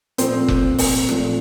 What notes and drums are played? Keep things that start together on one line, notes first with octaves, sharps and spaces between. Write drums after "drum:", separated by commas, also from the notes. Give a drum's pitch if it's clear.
A#2 F3 A3 C4 C5, drum: hi-hat
drum: kick F1
drum: open hi-hat
A#2 F3 A3, drum: rim click